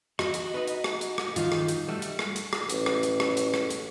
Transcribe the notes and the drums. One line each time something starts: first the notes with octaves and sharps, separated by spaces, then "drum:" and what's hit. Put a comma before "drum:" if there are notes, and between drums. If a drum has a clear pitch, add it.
F#4 D#5, drum: rim click
drum: hi-hat
D#4 B4
drum: hi-hat
drum: rim click
drum: hi-hat
drum: rim click
G2 D#3 D#4 F4, drum: hi-hat
drum: rim click
drum: hi-hat
G3 A3 F#4
drum: hi-hat
drum: rim click
drum: hi-hat
drum: rim click
A1, drum: hi-hat
drum: rim click
drum: hi-hat
drum: rim click
drum: hi-hat
drum: rim click
drum: hi-hat